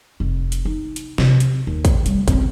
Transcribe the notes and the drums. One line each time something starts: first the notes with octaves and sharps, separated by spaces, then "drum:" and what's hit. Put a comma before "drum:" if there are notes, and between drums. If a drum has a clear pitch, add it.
F1
drum: hi-hat
D#4
drum: hi-hat
C3, drum: snare
drum: hi-hat
D#2
drum: kick, hi-hat
G3 A3, drum: hi-hat
C#2 C4, drum: kick, hi-hat